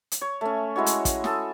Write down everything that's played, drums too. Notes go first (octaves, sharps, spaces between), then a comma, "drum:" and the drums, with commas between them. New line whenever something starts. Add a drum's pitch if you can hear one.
drum: hi-hat
C#5
A3 C#4
G#3 E4 F#4 C#5
drum: hi-hat
drum: kick, hi-hat
G#4 A4, drum: snare